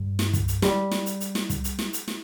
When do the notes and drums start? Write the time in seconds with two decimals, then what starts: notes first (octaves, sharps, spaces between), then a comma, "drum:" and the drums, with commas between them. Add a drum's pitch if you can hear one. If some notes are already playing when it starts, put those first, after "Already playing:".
Already playing: G2
0.19 drum: snare
0.33 drum: kick, hi-hat
0.48 drum: hi-hat
0.62 G3, drum: snare
0.91 drum: snare
1.06 drum: hi-hat
1.20 drum: hi-hat
1.35 drum: snare
1.50 drum: kick, hi-hat
1.64 drum: hi-hat
1.79 drum: snare
1.93 drum: hi-hat
2.08 drum: snare